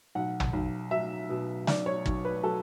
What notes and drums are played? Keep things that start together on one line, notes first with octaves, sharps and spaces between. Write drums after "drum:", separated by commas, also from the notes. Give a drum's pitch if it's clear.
B1 F#5
drum: tom
B1
F#3 E5
B2
B1 D5, drum: snare
C#5
B1, drum: kick
B4
F#3 A4